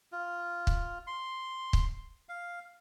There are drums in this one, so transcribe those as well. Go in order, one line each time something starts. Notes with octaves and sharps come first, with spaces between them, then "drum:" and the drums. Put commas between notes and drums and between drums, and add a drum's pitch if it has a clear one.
F4
drum: kick
C6
drum: kick
F5